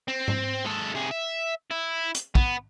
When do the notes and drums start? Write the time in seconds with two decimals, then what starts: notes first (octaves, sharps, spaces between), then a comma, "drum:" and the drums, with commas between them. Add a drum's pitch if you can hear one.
0.08 C4
0.28 drum: tom G#2
0.64 G#3 A4
0.94 C3 G#4
1.11 E5
1.71 E4
2.15 drum: hi-hat
2.35 B3, drum: kick